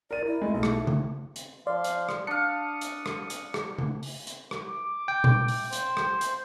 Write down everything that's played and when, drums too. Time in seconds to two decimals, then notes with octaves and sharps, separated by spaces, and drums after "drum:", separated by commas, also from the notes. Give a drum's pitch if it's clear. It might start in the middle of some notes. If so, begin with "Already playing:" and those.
0.11 A#4 D5 D#7
0.25 E4
0.41 G#3 A3 D#4
0.54 B1 A3
0.63 drum: rim click
0.87 drum: tom C#3
1.36 drum: hi-hat
1.67 F3 D5 F5 C6
1.84 drum: hi-hat
2.09 drum: rim click
2.27 D4 F5 D#6 C#7
2.81 drum: hi-hat
3.06 drum: rim click
3.30 drum: hi-hat
3.54 drum: rim click
3.78 drum: tom C#3
4.03 drum: open hi-hat
4.27 drum: hi-hat
4.51 drum: rim click
4.68 D6
5.08 G5
5.24 drum: tom A#2
5.48 drum: open hi-hat
5.73 C5, drum: hi-hat
5.97 drum: rim click
6.21 drum: hi-hat